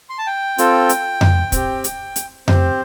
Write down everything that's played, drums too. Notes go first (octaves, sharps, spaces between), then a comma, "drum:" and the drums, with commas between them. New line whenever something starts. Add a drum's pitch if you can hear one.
C6
A5
G5
C4 F4 A4, drum: hi-hat
drum: hi-hat
drum: tom F2
C4 G4, drum: kick, hi-hat
drum: hi-hat
drum: hi-hat
C4 G4 C5, drum: tom F2